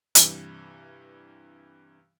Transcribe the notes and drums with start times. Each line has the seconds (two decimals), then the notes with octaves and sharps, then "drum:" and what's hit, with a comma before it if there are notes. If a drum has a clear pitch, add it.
0.15 G2 C3 E3 G3, drum: hi-hat